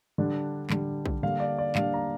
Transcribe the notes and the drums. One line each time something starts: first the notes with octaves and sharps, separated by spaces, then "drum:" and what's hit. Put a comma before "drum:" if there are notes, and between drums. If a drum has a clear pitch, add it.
D3 G3 D4
D3 G3 D4, drum: clap
drum: kick B1
D3 G3 A#3 D4 F5
D5
D5
D3 G3 A#3 D4 F5, drum: clap
A#5